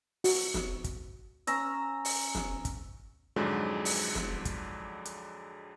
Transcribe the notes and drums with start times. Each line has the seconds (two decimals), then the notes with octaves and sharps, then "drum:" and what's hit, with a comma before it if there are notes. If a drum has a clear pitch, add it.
0.24 F#4, drum: open hi-hat
0.54 drum: snare
0.84 drum: kick, hi-hat
1.47 C#4 A#5 E6, drum: hi-hat
2.05 drum: open hi-hat
2.35 drum: snare
2.65 drum: kick, hi-hat
3.36 F2 G#2 D3 F3 F#3 G#3
3.85 drum: open hi-hat
4.15 drum: snare
4.45 drum: kick, hi-hat
5.05 drum: hi-hat